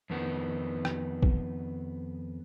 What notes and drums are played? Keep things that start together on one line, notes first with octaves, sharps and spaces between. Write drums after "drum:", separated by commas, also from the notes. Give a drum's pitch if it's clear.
F2 D#3 B3
drum: rim click
drum: kick